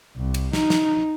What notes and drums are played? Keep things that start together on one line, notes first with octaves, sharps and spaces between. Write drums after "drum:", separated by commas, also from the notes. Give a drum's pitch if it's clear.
C2
drum: cymbal
D#4, drum: snare
drum: snare